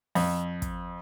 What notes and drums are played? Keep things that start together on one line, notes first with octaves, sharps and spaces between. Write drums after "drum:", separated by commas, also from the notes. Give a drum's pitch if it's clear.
F2, drum: open hi-hat
drum: kick, hi-hat